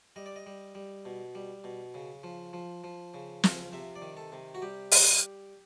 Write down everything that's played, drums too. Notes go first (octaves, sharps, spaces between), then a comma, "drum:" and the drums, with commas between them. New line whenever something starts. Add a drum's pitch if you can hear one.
G3 D#5
D5
D#5
G3
G3
B2
G3
B2
C#3
F3
F3
F3
C#3
F3, drum: snare
C3 E5
D5
D#3
A4
C3
F#4
G3 G4
G3, drum: open hi-hat